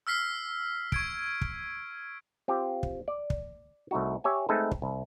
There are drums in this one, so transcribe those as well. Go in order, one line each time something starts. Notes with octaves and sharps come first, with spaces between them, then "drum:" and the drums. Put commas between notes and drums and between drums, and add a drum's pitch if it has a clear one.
E6 F6 B6 C7
C#6 G#6 D7, drum: kick
drum: kick
C4 F4 G4
drum: kick
D5
drum: kick
C2 A3 D#4 F#4
G4 C#5 E5 G#5
G#3 A3 C4 D#4 A4 B4
drum: kick
C2